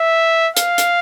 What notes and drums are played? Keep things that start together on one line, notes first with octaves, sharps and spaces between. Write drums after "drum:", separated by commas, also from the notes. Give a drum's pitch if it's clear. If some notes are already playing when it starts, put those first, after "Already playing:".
Already playing: E5
F5, drum: hi-hat
drum: hi-hat